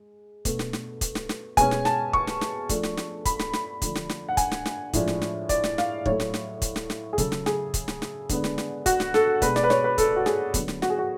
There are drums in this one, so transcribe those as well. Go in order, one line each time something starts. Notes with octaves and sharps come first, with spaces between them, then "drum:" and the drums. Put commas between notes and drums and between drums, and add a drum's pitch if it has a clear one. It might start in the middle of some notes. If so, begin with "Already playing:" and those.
Already playing: G#3
B2 A3 D4, drum: kick, hi-hat
drum: snare
drum: snare
drum: kick, hi-hat
drum: snare
drum: snare
B2 G#3 C#4 G#5, drum: kick, hi-hat
drum: snare
A5, drum: snare
C#6, drum: kick
drum: snare
drum: snare
F3 A3 D4, drum: kick, hi-hat
drum: snare
drum: snare
B5, drum: kick, hi-hat
drum: snare
drum: snare
D3 F3 A3 D4, drum: kick, hi-hat
drum: snare
drum: snare
F#5
G#5, drum: kick, hi-hat
drum: snare
drum: snare
A2 F3 G#3 D4, drum: kick, hi-hat
drum: snare
drum: snare
D5, drum: kick, hi-hat
drum: snare
F5, drum: snare
A2 F#3 A3 C#5, drum: kick
drum: snare
drum: snare
drum: kick, hi-hat
drum: snare
drum: snare
G#4
C#3 F#3 C#4 A4, drum: kick, hi-hat
drum: snare
G#4, drum: snare
drum: kick, hi-hat
drum: snare
drum: snare
D3 G#3 B3 D4, drum: kick, hi-hat
drum: snare
drum: snare
F#4, drum: kick, hi-hat
drum: snare
A4, drum: snare
B2 G#3 D4 B4, drum: kick, hi-hat
D5, drum: snare
B4
C#5, drum: snare
B4
A4, drum: kick, hi-hat
F#4
G#4, drum: snare
D3 F#3 B3, drum: kick, hi-hat
drum: snare
F#4, drum: snare
G#4
F#4